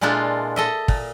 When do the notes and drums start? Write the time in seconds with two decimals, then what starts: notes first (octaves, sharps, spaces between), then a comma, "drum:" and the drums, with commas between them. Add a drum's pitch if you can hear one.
0.01 A#2 G#3 D4 E4 F4 A4
0.56 A4 D#5 E5
0.88 A#2, drum: kick